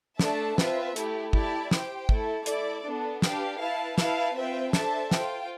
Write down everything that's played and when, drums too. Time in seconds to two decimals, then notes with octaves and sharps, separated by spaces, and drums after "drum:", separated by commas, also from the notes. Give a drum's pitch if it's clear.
0.20 A3 D4 A4 E5 A5, drum: snare
0.58 C4 F4 B4 E5, drum: snare
0.96 A3 E4 G4, drum: hi-hat
1.33 E4 G4 D5 A5, drum: kick
1.71 G4 C5 G5, drum: snare
2.09 A3 E4 A4, drum: kick
2.46 E4 A4 D5, drum: hi-hat
2.84 B3 D4 A4
3.22 D4 G4 B4 F5, drum: snare
3.60 E4 B4 F5 A5
3.98 E4 B4 F5 A5, drum: snare
4.35 C4 F4 B4 E5 G5
4.73 D4 A4 C5 E5 A5, drum: snare
5.11 F4 C5 G5, drum: snare